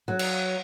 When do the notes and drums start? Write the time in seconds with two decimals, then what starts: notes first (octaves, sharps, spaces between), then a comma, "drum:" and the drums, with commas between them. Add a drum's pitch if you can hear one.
0.08 F#3
0.19 drum: cymbal